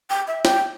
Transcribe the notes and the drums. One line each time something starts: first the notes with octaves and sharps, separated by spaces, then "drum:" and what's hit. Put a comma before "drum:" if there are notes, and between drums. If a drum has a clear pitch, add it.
G5
E5
G5, drum: snare